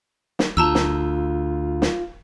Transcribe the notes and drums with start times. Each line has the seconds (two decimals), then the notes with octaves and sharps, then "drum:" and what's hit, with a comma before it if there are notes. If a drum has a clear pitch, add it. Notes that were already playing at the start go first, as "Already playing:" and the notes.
0.39 drum: snare
0.57 D2 F4 A5 A#5 E6
0.75 drum: snare
1.82 drum: snare